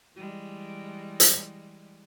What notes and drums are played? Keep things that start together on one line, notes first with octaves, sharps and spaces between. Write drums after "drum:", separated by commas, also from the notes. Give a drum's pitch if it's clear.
E3 G3 G#3
drum: hi-hat